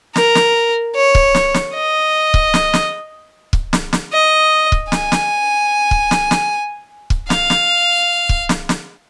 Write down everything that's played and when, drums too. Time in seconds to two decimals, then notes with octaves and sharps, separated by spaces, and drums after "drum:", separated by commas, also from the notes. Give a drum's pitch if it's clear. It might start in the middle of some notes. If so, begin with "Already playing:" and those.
0.16 A#4, drum: snare
0.35 drum: snare
0.95 C#5
1.15 drum: kick
1.35 drum: snare
1.54 drum: snare
1.74 D#5
2.34 drum: kick
2.54 drum: snare
2.73 drum: snare
3.53 drum: kick
3.73 drum: snare
3.93 drum: snare
4.13 D#5
4.72 drum: kick
4.92 G#5, drum: snare
5.12 drum: snare
5.91 drum: kick
6.11 drum: snare
6.31 drum: snare
7.10 drum: kick
7.30 F5, drum: snare
7.50 drum: snare
8.29 drum: kick
8.49 drum: snare
8.69 drum: snare